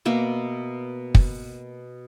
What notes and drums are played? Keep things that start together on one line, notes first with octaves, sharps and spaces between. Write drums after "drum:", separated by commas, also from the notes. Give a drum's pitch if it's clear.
B2 A#3 E5 D6
drum: kick